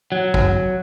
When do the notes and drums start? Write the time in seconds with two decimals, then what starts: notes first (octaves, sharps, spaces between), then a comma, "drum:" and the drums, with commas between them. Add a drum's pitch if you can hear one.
0.12 F#3
0.34 drum: kick